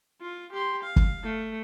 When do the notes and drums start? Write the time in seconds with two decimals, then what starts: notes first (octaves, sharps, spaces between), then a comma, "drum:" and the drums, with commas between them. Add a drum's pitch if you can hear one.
0.21 F4
0.53 G4 C6
0.83 F5
0.96 drum: kick
1.24 A3